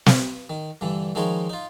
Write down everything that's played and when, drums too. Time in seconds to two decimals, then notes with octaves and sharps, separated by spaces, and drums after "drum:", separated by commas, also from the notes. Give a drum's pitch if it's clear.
0.06 B4, drum: snare
0.50 D#3
0.81 G2 D3 E3
1.15 D#3 F3 G#3 D#4 A#4 C#5
1.50 D#4 F4